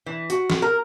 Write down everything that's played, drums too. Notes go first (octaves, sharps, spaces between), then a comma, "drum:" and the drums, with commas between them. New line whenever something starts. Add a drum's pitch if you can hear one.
E3
F#4, drum: hi-hat
drum: snare
A#4